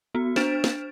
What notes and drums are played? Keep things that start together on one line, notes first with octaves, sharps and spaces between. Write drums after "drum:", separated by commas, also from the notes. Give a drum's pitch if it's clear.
B3 F#4
D4 C5 F6 A6 D7 E7, drum: snare
drum: snare